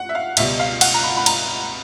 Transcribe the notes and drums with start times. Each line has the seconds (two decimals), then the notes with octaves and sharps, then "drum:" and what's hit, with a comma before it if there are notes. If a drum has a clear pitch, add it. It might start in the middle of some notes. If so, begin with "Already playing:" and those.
Already playing: F#5
0.09 E5
0.15 F5
0.37 C#2 B2 G3 E5, drum: cymbal
0.59 F5
0.81 F#5, drum: cymbal
0.94 A#5
1.03 B5
1.17 B5
1.26 A#5, drum: cymbal